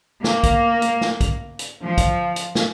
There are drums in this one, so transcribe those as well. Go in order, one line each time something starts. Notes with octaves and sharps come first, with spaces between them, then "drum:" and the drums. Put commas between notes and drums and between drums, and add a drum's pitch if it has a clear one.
A#3, drum: snare
drum: kick B1, hi-hat
drum: hi-hat
drum: snare
drum: kick B1, hi-hat
drum: hi-hat
F3
drum: kick B1, hi-hat
drum: hi-hat
drum: snare